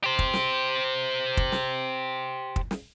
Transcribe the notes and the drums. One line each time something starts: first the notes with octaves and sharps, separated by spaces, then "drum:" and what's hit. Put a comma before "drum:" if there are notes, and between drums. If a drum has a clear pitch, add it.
G4 C5
drum: kick
drum: snare
drum: kick
drum: snare
drum: kick
drum: snare